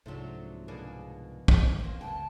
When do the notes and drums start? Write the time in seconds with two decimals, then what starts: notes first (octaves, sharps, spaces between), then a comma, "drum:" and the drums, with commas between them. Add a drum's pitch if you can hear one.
0.06 C2 G#2 C3 F3 F#3 A3 D4 A4
0.68 B2 A#3 D4 G#4 D5
1.48 drum: kick
1.80 A#3 C4
2.01 F#1 C#2 E3 G5 A5